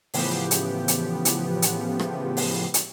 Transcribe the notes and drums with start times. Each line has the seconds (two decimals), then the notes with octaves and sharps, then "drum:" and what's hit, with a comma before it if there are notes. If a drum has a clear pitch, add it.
0.14 A2 C#3 E3 F3 B3 G4, drum: open hi-hat
0.51 drum: hi-hat
0.88 drum: hi-hat
1.25 drum: hi-hat
1.62 drum: hi-hat
1.99 drum: rim click
2.37 drum: open hi-hat
2.74 drum: hi-hat